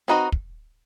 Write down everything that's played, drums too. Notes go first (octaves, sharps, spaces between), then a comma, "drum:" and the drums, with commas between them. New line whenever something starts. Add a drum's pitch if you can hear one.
C4 D#4 F#4 B4 D#5
drum: kick